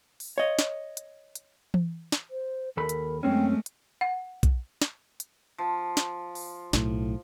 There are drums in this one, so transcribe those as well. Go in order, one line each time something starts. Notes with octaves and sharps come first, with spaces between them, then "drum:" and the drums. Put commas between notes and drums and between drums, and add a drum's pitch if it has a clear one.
drum: open hi-hat
C#5 D#5
drum: snare
drum: hi-hat
drum: hi-hat
drum: tom E3
drum: snare
C5
D#2 A4 A#4 B5
drum: hi-hat
F#2 G#3 A3 C4 C#4 G5
drum: hi-hat
F#5
drum: kick, hi-hat
drum: snare
drum: hi-hat
F3
drum: snare
drum: open hi-hat
B1 A2, drum: snare